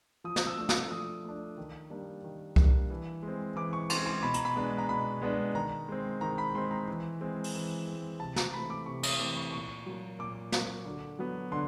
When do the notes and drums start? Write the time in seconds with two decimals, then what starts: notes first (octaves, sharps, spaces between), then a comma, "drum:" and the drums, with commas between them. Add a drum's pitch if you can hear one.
0.24 F3 D#6
0.36 drum: snare
0.47 E6
0.58 A3 D4
0.69 D6, drum: snare
0.91 F3 D#6
1.25 A3 D4
1.58 D#3
1.90 G3 A#3 D4
2.24 D#3
2.56 G3 A#3 D4, drum: kick C2
2.90 E3
3.23 G#3
3.28 C4
3.56 E3 D6
3.73 C#6
3.90 G#3 C4 C6, drum: cymbal
4.06 C6
4.23 B2 B5
4.34 A#5, drum: hi-hat
4.45 B5
4.56 G#3 B3 D4
4.78 A#5
4.89 B2 B5
5.22 G#3 B3 D4
5.55 D#3 A#5
5.88 G#3 C4
6.21 D#3 A#5
6.38 B5
6.55 G#3 C4 C6
6.71 A#5
6.88 E3
7.21 G#3 C4
7.44 drum: open hi-hat
7.55 E3
7.88 G#3 C4
8.20 C3 A5
8.36 A#5, drum: snare
8.53 E3 A3 C4 B5
8.70 D6
8.86 C3 C#6
9.03 D#6, drum: cymbal
9.20 E3 A3 C4 D6
9.37 C#6
9.52 A#2 C#6
9.86 F#3 A#3
10.19 A#2 D6
10.52 F#3 A#3, drum: snare
10.85 D3
11.19 F#3 B3
11.52 D3 C6